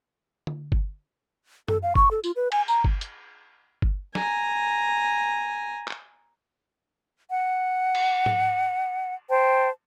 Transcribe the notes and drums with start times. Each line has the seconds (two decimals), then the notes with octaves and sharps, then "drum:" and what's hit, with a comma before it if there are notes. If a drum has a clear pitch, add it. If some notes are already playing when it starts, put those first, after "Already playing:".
0.47 drum: tom D3
0.72 drum: kick G1
1.68 A4, drum: tom F#2
1.83 F5
1.95 C#6, drum: kick G1
2.11 A4
2.24 F4, drum: tambourine
2.36 B4
2.52 G#5, drum: cymbal
2.68 A#5, drum: tambourine
2.84 drum: kick G1
3.01 drum: hi-hat
3.82 drum: kick G1
4.15 G#5 A#5, drum: snare
5.88 drum: clap
7.29 F#5
7.95 drum: cymbal
8.26 drum: tom G#2
9.29 C5 G5 A5